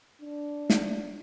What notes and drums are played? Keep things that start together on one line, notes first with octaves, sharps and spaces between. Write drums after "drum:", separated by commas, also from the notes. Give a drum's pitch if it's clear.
D4
drum: snare